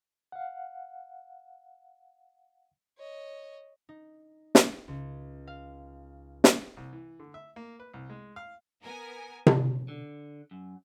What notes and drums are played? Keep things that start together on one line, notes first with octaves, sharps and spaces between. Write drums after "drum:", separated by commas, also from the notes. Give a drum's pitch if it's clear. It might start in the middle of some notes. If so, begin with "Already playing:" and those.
F5 F#5
C#5 D#5
D#4
drum: snare
C#2
F5
drum: snare
C2
E3
D3
E5
A#3
B4
C2
G#3
F5
B3 A#4 G#5
drum: tom C3
D3
F#2